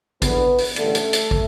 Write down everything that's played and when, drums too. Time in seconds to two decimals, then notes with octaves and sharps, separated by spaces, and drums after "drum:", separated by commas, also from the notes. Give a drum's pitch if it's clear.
0.22 E2 D3 B3 B4, drum: kick, hi-hat
0.58 drum: open hi-hat
0.76 A1 G2 D3 A3 A4, drum: hi-hat
0.95 drum: hi-hat
1.13 drum: hi-hat
1.31 drum: kick